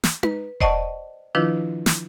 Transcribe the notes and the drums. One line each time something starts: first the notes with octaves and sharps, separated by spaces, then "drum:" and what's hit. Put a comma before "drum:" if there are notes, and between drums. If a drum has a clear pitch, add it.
drum: snare
B4, drum: tom D#4
C5 D5 D#5 F#5 A5 C#6, drum: kick E1
D#3 F3 D4 E4 F4 B4
drum: snare